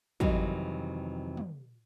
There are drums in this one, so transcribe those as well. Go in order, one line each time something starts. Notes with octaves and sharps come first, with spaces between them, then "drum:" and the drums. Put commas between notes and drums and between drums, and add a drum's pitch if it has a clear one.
F2 C3 D#3 E3 F#3 G3, drum: kick
drum: tom